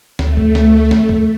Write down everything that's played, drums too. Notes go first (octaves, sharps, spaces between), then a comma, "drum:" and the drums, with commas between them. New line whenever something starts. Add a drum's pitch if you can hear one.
D2 A3, drum: snare
drum: kick
drum: snare
drum: snare
drum: kick